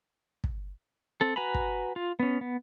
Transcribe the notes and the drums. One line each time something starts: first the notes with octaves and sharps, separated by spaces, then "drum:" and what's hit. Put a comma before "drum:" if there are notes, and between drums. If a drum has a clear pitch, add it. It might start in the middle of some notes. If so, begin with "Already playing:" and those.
drum: kick
C4 A4
F#4 B4 G#5 A#5 B5
drum: kick
F4
B3 C#4
B3